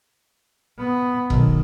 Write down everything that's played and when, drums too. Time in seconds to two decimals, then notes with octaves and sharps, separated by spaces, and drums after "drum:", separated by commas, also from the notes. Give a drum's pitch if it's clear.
0.79 B3
1.30 B1 D#3, drum: kick E1